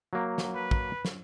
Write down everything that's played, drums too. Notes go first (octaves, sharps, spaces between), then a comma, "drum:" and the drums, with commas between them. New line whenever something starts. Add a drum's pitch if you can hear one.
F#3 A#3
drum: snare
B4
drum: kick
drum: snare